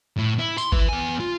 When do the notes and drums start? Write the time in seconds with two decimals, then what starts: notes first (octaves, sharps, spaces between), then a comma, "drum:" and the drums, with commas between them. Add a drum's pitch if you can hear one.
0.17 A2
0.39 E4
0.58 C6, drum: tambourine
0.72 B4 E5, drum: kick G#1
0.89 B3 G#5
1.20 F4